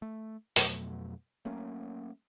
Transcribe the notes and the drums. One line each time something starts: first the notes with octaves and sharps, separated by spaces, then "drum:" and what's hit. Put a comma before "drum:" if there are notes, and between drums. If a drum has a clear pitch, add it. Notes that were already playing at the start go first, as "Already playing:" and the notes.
A3
F2 B2 F#3 A3, drum: open hi-hat
F#3 A3 A#3 C#4